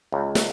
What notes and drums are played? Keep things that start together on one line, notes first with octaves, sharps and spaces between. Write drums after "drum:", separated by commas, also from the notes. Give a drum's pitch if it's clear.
C#2
drum: snare